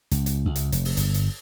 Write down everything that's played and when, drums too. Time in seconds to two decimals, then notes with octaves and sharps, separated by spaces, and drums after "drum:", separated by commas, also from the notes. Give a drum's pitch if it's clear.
0.11 C#2, drum: hi-hat
0.26 drum: hi-hat
0.45 C#2
0.56 drum: hi-hat
0.72 F1, drum: hi-hat
0.85 drum: open hi-hat
0.97 G1, drum: hi-hat
1.14 drum: hi-hat